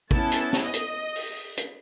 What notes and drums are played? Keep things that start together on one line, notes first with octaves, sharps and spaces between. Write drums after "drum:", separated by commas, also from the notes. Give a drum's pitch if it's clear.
B3 C#4 E4 A5, drum: kick
drum: hi-hat
drum: snare
D#5
drum: hi-hat
drum: open hi-hat
drum: hi-hat